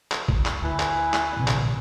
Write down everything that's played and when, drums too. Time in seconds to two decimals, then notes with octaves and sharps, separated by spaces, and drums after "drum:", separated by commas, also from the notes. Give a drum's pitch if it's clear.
0.11 drum: clap
0.28 drum: kick
0.45 drum: clap
0.62 D2 E4 B4 G#5
0.79 drum: clap
1.13 drum: clap
1.37 D1 A#1 C3
1.48 drum: clap